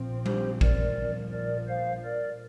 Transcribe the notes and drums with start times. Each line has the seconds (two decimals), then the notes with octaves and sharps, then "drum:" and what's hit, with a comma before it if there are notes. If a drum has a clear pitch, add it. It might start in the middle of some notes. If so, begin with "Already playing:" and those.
Already playing: A#1 A#2 F3 C4
0.26 G4 C5, drum: tom G3
0.61 A#4 D5, drum: kick A1
0.97 A#1 A#2 F3
1.32 A#4 D5
1.68 C5 F5
2.04 A#4 D5